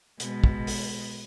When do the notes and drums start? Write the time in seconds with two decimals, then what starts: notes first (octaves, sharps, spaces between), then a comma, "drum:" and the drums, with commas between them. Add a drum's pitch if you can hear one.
0.20 B2 G#3, drum: hi-hat
0.44 drum: kick
0.67 drum: open hi-hat